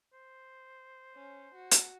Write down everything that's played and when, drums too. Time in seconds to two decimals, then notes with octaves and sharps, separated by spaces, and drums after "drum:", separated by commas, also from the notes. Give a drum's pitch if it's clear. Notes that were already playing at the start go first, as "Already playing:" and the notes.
0.13 C5
1.15 C#4
1.55 F#4
1.71 drum: hi-hat